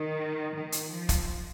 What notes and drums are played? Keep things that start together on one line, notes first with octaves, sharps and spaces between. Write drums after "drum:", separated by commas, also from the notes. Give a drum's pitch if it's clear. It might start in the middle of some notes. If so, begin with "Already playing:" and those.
Already playing: D#3
D#3
drum: hi-hat
F3
drum: kick, hi-hat